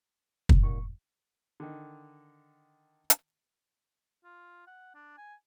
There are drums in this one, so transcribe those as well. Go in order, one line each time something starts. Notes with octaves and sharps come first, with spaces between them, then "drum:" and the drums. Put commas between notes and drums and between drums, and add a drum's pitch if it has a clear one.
drum: kick
D#3 G3 A#3 C#6
D3 D#3
drum: hi-hat
F4
F#5
D4
G#5